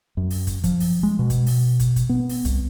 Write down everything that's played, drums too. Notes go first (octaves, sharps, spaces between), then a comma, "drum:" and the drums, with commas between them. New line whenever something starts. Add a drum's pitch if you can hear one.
F#2
drum: open hi-hat
drum: kick, hi-hat
F3, drum: kick, hi-hat
drum: open hi-hat
G#3
B2
drum: kick, hi-hat
drum: open hi-hat
drum: kick, hi-hat
drum: kick, hi-hat
B3
drum: open hi-hat
C2, drum: kick, hi-hat